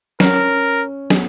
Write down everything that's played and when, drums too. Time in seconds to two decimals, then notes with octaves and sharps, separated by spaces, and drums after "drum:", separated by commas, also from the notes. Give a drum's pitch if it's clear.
0.20 C#4 A#4, drum: snare
1.10 B3, drum: snare